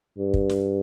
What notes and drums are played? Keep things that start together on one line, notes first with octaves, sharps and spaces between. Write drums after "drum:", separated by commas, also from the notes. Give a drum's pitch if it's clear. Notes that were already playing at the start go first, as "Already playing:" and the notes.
G2
drum: kick
drum: snare